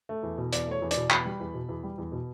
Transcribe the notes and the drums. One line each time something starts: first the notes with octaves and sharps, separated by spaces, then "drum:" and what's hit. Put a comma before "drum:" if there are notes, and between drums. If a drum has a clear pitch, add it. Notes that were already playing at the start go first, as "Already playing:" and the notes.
A3
E2
B2
E2 D5, drum: hi-hat
A3 C#5
E2
D5, drum: hi-hat
B2
E2 B5, drum: clap
G3
E2
B2
E2
G3
E2
B2